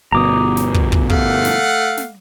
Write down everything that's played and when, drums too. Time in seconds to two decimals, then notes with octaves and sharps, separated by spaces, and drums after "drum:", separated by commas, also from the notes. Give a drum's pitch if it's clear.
0.12 G1 B2 A#5 D6 D#6
0.57 drum: snare
0.74 drum: kick
0.92 drum: kick
1.10 A3 F5 F#5, drum: kick
1.45 drum: snare
1.97 drum: snare